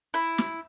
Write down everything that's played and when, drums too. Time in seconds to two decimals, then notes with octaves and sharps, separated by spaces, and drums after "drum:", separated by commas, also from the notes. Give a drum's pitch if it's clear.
0.14 E4
0.38 drum: snare